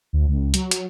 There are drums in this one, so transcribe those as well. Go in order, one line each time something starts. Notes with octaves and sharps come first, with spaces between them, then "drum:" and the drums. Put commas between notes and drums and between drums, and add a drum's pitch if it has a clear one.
D2
C#2
F#3, drum: hi-hat
drum: hi-hat